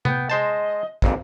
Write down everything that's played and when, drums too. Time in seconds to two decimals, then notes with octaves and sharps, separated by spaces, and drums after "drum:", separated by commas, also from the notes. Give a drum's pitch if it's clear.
0.05 B3 G5, drum: tom C3
0.30 G#3 C5 D#5 A5
1.02 G#1 F2 A#2, drum: kick